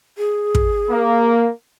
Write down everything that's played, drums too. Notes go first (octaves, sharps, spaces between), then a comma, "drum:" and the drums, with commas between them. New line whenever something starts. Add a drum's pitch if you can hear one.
G#4
drum: kick
A#3